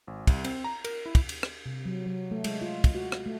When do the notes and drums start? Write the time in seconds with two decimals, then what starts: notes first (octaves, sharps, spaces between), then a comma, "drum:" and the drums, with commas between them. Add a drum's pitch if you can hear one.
0.07 G#1
0.27 C2, drum: kick, cymbal
0.44 C4, drum: cymbal
0.64 A#5
0.85 A#4, drum: cymbal
1.06 E4
1.15 drum: kick, cymbal
1.29 drum: cymbal
1.43 drum: rim click
1.66 C3
1.86 F#3
2.06 F#3
2.31 A3
2.44 G#3, drum: cymbal
2.62 F4
2.84 drum: kick, cymbal
2.94 F#4
3.12 drum: rim click
3.26 A3